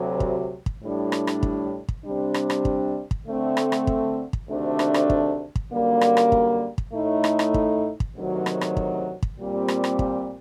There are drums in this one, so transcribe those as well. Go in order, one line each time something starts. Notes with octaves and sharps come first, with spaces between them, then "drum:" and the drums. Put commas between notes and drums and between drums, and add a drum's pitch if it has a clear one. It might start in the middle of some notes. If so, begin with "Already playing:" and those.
Already playing: D2 C3 F#3
drum: kick
drum: kick
A2 G3 D4
drum: rim click
drum: rim click
drum: kick
drum: kick
C3 G3 D4
drum: rim click
drum: rim click
drum: kick
drum: kick
D3 A3 C4
drum: rim click
drum: rim click
drum: kick
drum: kick
D2 C3 D#3 A3 D4
drum: rim click
drum: rim click
drum: kick
drum: kick
F#2 D3 G3 A#3
drum: rim click
drum: rim click
drum: kick
drum: kick
A2 A3 D#4
drum: rim click
drum: rim click
drum: kick
drum: kick
D2 C3 D#3 F#3
drum: rim click
drum: rim click
drum: kick
drum: kick
A#2 G3 C4
drum: rim click
drum: rim click
drum: kick